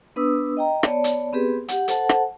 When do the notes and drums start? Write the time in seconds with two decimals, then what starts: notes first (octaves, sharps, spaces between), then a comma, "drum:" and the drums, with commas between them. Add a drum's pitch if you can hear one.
0.16 B3 D4 B4 D#6 E6
0.57 D#5 G5 A#5
0.83 B3 C#5 D5 A5, drum: rim click
1.04 drum: hi-hat
1.33 B3 C4 G4 G#4 B4
1.68 G4 F#5, drum: hi-hat
1.88 A4 C5 F#5 A5, drum: hi-hat
2.09 drum: rim click